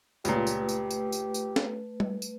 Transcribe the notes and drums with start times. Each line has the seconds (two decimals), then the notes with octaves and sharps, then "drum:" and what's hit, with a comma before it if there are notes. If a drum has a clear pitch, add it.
0.25 C#2 A#2 A3 G4 B4, drum: tambourine
0.47 drum: tambourine
0.69 drum: tambourine
0.91 drum: tambourine
1.12 drum: tambourine
1.34 drum: tambourine
1.56 drum: snare
2.00 drum: tom G3
2.22 drum: tambourine